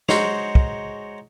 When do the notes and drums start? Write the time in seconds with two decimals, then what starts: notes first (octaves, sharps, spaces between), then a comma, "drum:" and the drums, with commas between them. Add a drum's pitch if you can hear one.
0.09 G#3 D#4 F#4 C5 C#5, drum: snare
0.55 drum: kick